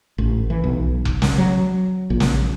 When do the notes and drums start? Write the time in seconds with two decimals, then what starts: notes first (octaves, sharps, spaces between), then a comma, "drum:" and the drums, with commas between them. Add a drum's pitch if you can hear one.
0.18 A1
0.50 E3
0.64 B1
1.05 drum: kick F1
1.22 drum: snare
1.38 F#3
2.10 A#1
2.20 drum: snare